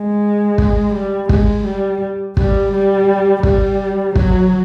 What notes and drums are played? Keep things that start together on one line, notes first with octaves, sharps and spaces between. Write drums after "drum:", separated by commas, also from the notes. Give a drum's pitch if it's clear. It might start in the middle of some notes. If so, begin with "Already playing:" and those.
Already playing: G#3
drum: kick
G3
G#3, drum: kick
G3
G3, drum: kick
G3
G3, drum: kick
F#3, drum: kick